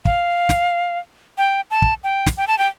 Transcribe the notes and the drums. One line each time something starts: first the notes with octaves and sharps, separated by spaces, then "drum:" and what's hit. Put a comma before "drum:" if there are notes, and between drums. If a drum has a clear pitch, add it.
F5, drum: kick
drum: snare
G5
A5
drum: kick
G5
drum: snare
G5
A5
G5